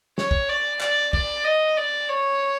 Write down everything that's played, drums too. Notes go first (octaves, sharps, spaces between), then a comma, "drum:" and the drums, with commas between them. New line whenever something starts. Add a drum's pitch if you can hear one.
C#5, drum: snare
drum: kick
D5
D5, drum: clap
D5, drum: kick
D#5
D5
C#5